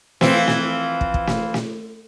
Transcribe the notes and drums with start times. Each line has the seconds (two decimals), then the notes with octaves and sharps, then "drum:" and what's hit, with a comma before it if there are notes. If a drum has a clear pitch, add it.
0.21 E3 F3 C4, drum: snare
0.48 drum: snare
1.01 drum: kick
1.14 drum: kick
1.27 drum: snare
1.54 drum: snare